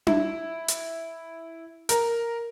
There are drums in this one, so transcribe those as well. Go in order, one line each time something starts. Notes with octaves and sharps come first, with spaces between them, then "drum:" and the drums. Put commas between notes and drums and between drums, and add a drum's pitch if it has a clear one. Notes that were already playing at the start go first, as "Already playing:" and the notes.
E4, drum: tom D4
drum: hi-hat
A#4, drum: hi-hat